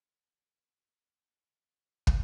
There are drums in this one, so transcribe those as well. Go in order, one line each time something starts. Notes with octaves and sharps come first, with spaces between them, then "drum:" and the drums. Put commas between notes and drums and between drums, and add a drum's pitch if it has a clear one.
A3 B3 B5
G4 A4
B3
C#5 F5 G#5 D6
drum: kick